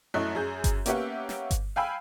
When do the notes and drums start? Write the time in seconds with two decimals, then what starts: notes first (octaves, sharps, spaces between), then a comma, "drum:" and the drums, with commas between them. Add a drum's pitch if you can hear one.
0.14 F#2 A3 E4 D#5 F#6
0.35 F#2 G#4 G6
0.64 drum: kick G1, hi-hat
0.86 A#3 B3 C#4 G4 E5 F#5, drum: hi-hat
1.29 drum: snare
1.51 drum: kick G1, hi-hat
1.76 F5 G5 G#5 B5 E6